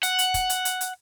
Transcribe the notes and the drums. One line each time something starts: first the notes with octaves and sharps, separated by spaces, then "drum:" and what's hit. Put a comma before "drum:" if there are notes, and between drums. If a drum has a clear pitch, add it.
F#5, drum: hi-hat
drum: hi-hat
drum: kick, hi-hat
drum: hi-hat
drum: hi-hat
drum: hi-hat